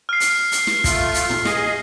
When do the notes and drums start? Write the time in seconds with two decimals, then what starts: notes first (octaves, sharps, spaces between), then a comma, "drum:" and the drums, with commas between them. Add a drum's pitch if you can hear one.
0.09 F6 C7
0.20 drum: hi-hat
0.51 drum: hi-hat
0.67 drum: snare
0.84 A3 F4, drum: kick, hi-hat
1.14 drum: hi-hat
1.30 drum: tom
1.45 G#4 D#5, drum: snare